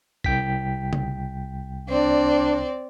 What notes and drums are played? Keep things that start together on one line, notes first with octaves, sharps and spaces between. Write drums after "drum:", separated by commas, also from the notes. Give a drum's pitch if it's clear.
C2 G5 B6, drum: kick
drum: tom C#3
C4 D4 D5